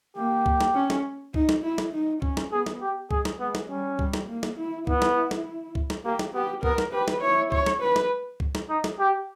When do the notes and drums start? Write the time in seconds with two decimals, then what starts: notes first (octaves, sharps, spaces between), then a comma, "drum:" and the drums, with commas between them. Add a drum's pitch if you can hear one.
0.17 A#3 G4
0.46 drum: kick C2
0.61 drum: snare
0.75 C#4
0.90 drum: snare
1.34 D#4, drum: kick C2
1.49 drum: snare
1.63 E4
1.78 drum: snare
1.93 D#4
2.22 C#4, drum: kick C2
2.37 drum: snare
2.52 B3 G#4
2.66 drum: snare
2.81 G4
3.11 G#3 G#4, drum: kick C2
3.25 drum: snare
3.39 G#3 B3
3.55 drum: snare
3.69 G3 C#4
3.99 G3, drum: kick C2
4.13 drum: snare
4.28 A#3
4.43 drum: snare
4.58 E4
4.87 B3 E4, drum: kick C2
5.02 drum: snare
5.31 drum: snare
5.75 drum: kick C2
5.90 drum: snare
6.05 A#3 G4
6.19 drum: snare
6.34 B3 G4
6.63 B3 A#4, drum: kick C2
6.78 drum: snare
6.93 G4 B4
7.08 drum: snare
7.22 E4 C#5
7.52 C#5, drum: kick C2
7.66 drum: snare
7.82 B4
7.96 drum: snare
8.40 drum: kick C2
8.55 drum: snare
8.70 D#4
8.84 drum: snare
8.99 G4